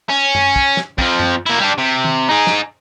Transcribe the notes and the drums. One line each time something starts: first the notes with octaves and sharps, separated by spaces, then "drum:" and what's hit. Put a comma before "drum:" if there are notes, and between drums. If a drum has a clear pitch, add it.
C#4
drum: tom F#2
drum: kick
drum: snare
F2 F3, drum: kick
drum: tom F#2
A#3 E4
G3 D4
C3
drum: tom
D#4 G#4
drum: snare